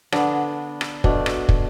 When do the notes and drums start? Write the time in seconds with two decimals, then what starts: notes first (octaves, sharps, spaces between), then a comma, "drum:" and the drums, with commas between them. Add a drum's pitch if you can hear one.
0.12 D3 B3 D4, drum: rim click
0.81 drum: rim click
1.04 B2 A3 D4, drum: kick
1.26 drum: rim click
1.49 drum: kick